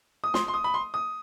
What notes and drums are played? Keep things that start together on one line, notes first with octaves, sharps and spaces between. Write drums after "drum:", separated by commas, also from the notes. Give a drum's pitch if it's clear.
D#6
C6, drum: snare
C6
D#6
B5
C6
D#6